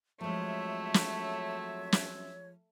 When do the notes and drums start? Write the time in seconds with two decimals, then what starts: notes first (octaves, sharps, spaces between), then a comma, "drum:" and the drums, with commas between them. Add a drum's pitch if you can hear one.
0.21 F3 F#3 G#3 A3 C4 C#5 E5
0.94 drum: snare
1.92 drum: snare